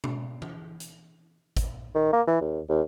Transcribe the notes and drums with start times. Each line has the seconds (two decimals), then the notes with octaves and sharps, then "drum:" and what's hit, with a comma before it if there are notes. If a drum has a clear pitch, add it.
0.04 drum: tom
0.42 drum: tom
0.80 drum: hi-hat
1.57 drum: kick, hi-hat
1.95 D#3
2.13 A#3
2.27 E3
2.41 D#2
2.69 D#2